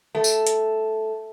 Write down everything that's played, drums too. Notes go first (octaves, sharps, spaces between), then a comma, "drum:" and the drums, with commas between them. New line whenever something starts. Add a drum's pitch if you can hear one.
A3
drum: tambourine
drum: hi-hat